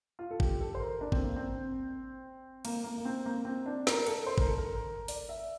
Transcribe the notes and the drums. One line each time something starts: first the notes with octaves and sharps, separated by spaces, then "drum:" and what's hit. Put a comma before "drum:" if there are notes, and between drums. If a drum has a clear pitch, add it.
F4
A4
G4, drum: kick G#1
A4
C5
A#4
D4
C4, drum: kick G#1
A#3
C4
A#3, drum: cymbal
A#3
A#3
C4
A#3
C4
D4
A#4, drum: snare
A4, drum: cymbal
C5
A#4, drum: kick G#1
A4
A#4
D5, drum: open hi-hat
E5